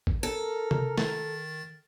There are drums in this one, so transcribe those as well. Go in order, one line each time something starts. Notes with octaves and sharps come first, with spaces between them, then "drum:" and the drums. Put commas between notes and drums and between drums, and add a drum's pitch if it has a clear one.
drum: kick G#1
A4 A#4
drum: tom C3
D#3 A6, drum: snare